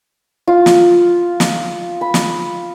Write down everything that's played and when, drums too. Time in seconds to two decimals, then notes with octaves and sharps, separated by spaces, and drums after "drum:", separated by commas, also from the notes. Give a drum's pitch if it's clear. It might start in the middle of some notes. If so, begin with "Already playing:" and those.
0.47 F4
0.66 drum: snare
1.40 drum: snare
2.01 B5
2.14 drum: snare